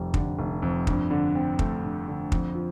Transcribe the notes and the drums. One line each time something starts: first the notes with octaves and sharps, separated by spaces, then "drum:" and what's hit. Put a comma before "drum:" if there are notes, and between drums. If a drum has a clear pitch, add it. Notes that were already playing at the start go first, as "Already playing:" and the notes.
Already playing: F1 F2 G3
D3, drum: kick
F1
F2
G2, drum: kick
D3
C4
A3, drum: kick
G2
D3
F2, drum: kick
F3